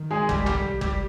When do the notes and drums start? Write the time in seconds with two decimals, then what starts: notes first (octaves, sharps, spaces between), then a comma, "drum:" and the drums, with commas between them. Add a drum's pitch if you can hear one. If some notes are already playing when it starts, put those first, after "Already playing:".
Already playing: D#3
0.11 G#3 G#4
0.29 G3 G4, drum: kick G1
0.46 G3 G4, drum: tom A#1
0.81 G3 G4, drum: kick G1